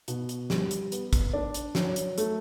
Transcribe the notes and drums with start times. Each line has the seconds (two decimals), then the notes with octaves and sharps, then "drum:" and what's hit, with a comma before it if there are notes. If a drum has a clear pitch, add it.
0.08 B2, drum: hi-hat
0.29 drum: hi-hat
0.50 G3, drum: snare
0.71 drum: hi-hat
0.92 B3, drum: hi-hat
1.13 drum: kick, hi-hat
1.33 D4
1.54 drum: hi-hat
1.75 F#3, drum: snare
1.96 drum: hi-hat
2.18 A3, drum: hi-hat